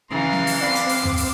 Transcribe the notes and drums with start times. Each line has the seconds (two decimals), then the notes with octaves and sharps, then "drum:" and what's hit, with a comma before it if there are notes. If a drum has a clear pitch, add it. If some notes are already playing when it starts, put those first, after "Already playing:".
0.11 C#3 E3 G#3 D4 F5 A#5 C6
0.33 drum: snare
0.47 drum: open hi-hat
0.61 C4 D5 F5 B5 D6
0.75 drum: hi-hat
0.89 drum: open hi-hat
1.03 drum: tom
1.17 drum: open hi-hat